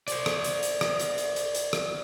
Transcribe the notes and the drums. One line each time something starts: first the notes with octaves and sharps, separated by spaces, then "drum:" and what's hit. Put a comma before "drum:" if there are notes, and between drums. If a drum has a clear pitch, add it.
C5 D5, drum: hi-hat
drum: rim click
drum: hi-hat
drum: hi-hat
drum: rim click
drum: hi-hat
drum: hi-hat
drum: hi-hat
drum: hi-hat
drum: rim click